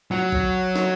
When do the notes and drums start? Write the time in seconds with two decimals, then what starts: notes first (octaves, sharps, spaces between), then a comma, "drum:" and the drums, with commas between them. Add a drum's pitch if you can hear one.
0.11 F#3
0.32 drum: kick A1
0.75 drum: snare